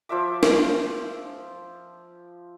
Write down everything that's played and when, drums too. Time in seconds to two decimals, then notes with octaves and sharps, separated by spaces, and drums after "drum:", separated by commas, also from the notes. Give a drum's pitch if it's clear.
0.09 F3 F4 E5 D6
0.43 drum: snare